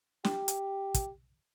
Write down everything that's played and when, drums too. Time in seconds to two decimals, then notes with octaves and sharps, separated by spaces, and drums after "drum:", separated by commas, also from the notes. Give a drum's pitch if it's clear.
0.24 G4, drum: snare
0.48 drum: hi-hat
0.94 drum: kick, hi-hat